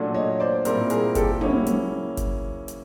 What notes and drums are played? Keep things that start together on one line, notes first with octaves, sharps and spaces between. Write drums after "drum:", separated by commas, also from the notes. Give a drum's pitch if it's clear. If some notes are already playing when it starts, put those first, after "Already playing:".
Already playing: A#2 F#3 A3 D4
C#5 D#5
C5 D5
A#2 G3 C4 E4 A#4 C5, drum: hi-hat
G#4 A#4, drum: hi-hat
G4 A4, drum: kick F#1, hi-hat
C#3 F#3 A#3 C#4 E4, drum: tom
drum: hi-hat
drum: kick F#1, hi-hat
drum: hi-hat